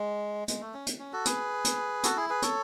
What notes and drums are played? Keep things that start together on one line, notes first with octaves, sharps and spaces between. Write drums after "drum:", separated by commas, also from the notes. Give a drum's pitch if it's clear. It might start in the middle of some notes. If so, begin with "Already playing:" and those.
Already playing: G#3
G#3, drum: hi-hat
A3
C#4
drum: hi-hat
C#4
F#4 A4
G#4 B4, drum: hi-hat
drum: hi-hat
F#4 A4, drum: hi-hat
E4 G#4
G#4 B4
A4 C#5, drum: hi-hat